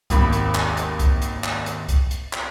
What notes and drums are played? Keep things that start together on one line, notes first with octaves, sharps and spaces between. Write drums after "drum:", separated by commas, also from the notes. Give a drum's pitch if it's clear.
G#1 D#2 B5, drum: kick C2, hi-hat
drum: hi-hat
drum: clap
drum: hi-hat
drum: kick C2, hi-hat
drum: hi-hat
drum: clap
drum: hi-hat
drum: kick C2, hi-hat
drum: hi-hat
drum: clap